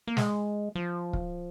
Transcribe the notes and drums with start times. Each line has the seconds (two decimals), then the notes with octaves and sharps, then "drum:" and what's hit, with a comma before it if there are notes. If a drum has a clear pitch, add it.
0.07 A#3
0.17 G#3, drum: snare
0.75 F3
1.13 drum: kick